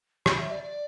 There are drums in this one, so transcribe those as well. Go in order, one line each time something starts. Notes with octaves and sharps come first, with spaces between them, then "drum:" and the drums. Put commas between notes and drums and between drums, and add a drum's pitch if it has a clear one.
B5, drum: rim click
E5
D5
D5